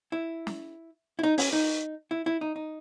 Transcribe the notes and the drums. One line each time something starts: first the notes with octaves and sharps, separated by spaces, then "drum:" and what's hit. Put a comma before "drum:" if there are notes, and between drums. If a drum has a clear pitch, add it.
E4
drum: snare
E4
D#4
C#4, drum: open hi-hat
D#4
E4
E4
D#4
D#4